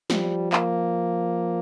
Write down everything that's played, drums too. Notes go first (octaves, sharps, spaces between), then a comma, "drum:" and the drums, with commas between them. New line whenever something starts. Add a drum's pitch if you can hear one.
F3 G3, drum: snare
A#3, drum: clap